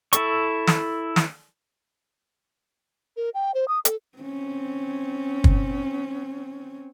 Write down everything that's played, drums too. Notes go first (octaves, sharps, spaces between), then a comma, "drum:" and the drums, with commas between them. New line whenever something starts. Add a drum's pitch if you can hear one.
E4 A4 C#6, drum: hi-hat
drum: snare
drum: snare
A#4
G5
C5
D#6
A4, drum: hi-hat
C4 C#4
drum: kick